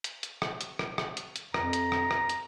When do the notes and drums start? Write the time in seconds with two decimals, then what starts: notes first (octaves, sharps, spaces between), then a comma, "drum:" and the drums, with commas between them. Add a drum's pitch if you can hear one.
0.04 drum: hi-hat
0.23 drum: hi-hat
0.42 drum: rim click
0.61 drum: hi-hat
0.79 drum: rim click
0.98 drum: rim click
1.17 drum: hi-hat
1.36 drum: hi-hat
1.54 F2 A#5, drum: rim click
1.73 drum: hi-hat
1.92 drum: rim click
2.11 drum: rim click
2.29 drum: hi-hat